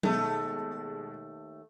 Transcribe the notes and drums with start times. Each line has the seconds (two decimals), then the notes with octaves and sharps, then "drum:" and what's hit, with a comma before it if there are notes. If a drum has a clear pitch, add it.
0.03 D#2 B2 G#3 A3, drum: tom F#3